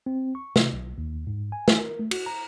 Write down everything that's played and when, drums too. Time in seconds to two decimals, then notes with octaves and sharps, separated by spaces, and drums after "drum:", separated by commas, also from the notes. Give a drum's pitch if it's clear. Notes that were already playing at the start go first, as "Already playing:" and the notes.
0.06 C4
0.35 C#6
0.56 C3, drum: snare
0.73 B1
0.98 D#2
1.27 G#2
1.52 G#5
1.68 drum: snare
1.79 A#4
1.99 A3
2.11 F#4, drum: cymbal
2.26 A#5